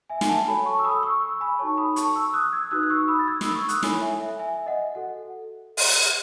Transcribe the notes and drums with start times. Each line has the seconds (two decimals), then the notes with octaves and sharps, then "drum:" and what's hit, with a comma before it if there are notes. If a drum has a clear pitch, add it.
0.10 E5 G#5
0.21 G#5, drum: snare
0.29 F#5 A5
0.47 F#4 A4 C#5 G#5 B5
0.66 A5 C#6
0.79 E6
0.84 B5 D#6
1.03 C#6 E6
1.22 C#6 E6
1.40 G#5 B5
1.59 D#4 F#4 A4 C#5 A5 C#6
1.77 B5 D#6
1.96 A5 C#6, drum: hi-hat
2.15 C#6 E6
2.34 D#6 F#6
2.53 E6 G#6
2.71 D#4 F#4 B4 D#6 F#6
2.83 F#6
2.90 C#6 E6
3.08 B5 D#6
3.19 A6
3.28 E6 G#6
3.41 B5 D#6, drum: snare
3.55 C#6 E6
3.69 D#6 F#6, drum: hi-hat
3.83 E4 A4 C#5 G#5 B5, drum: snare
4.01 E5 G#5
4.21 E5
4.39 E5 G#5
4.58 E5
4.67 D#5 F#5
4.95 F#4 A4 F#5
5.77 drum: open hi-hat